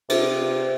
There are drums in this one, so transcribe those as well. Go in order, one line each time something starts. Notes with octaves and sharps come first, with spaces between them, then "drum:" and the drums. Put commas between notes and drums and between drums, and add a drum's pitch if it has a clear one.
C3, drum: cymbal